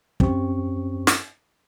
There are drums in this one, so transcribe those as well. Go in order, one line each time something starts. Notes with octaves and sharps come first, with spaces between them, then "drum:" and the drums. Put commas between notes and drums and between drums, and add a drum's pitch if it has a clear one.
F#2 C4 C#4 G4 C#6, drum: kick
drum: snare